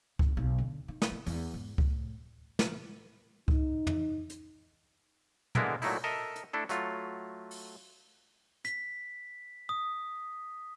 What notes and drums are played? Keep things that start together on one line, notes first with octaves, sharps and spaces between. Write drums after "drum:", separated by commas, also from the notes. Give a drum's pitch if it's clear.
G#1, drum: kick C#2
B1
D3
D#3
drum: snare
E3
E2, drum: open hi-hat
G#2
A2, drum: kick C#2
drum: snare
D#4, drum: kick C#2
drum: tom
drum: hi-hat
D3 G#3 A#3 B3 E4 A#4, drum: tom
A#2 F#3 A3 D#4 E4, drum: open hi-hat
A4 A#4 D#5 E5
drum: hi-hat
A3 D4 E4 A4
F#3 A3 F4, drum: hi-hat
drum: open hi-hat
B6, drum: hi-hat
D#6